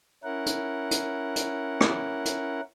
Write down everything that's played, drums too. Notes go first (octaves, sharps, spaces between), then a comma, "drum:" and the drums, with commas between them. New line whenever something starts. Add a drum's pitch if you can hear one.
C#4 E4 A#4 F#5
drum: hi-hat
drum: hi-hat
drum: hi-hat
drum: rim click
drum: hi-hat